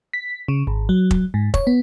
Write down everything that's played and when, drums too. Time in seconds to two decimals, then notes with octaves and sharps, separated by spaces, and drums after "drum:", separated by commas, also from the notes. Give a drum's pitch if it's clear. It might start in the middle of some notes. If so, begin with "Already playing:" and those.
0.13 B6
0.48 C#3
0.67 G#1
0.89 F#3
1.11 drum: kick
1.34 G#2
1.54 C#5, drum: kick
1.67 B3